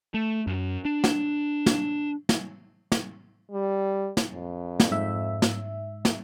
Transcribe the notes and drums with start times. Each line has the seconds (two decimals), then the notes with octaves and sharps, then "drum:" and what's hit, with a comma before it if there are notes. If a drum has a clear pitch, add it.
0.14 A3
0.47 F#2
0.85 D4
1.04 drum: snare
1.66 drum: snare
2.29 drum: snare
2.92 drum: snare
3.51 G3
4.17 drum: snare
4.33 F2
4.80 drum: snare
4.92 G#2 E5
5.42 drum: snare
6.05 drum: snare